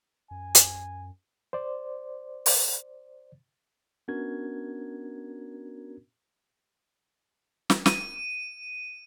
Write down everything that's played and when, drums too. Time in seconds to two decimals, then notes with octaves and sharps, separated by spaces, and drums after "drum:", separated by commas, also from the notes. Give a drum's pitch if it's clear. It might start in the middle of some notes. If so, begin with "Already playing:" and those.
0.31 F#2 G#5
0.55 drum: hi-hat
1.53 C5 D5
2.46 drum: open hi-hat
4.08 B3 C#4 D4 F#4 A#4 G#6
7.70 drum: snare
7.86 D#7, drum: snare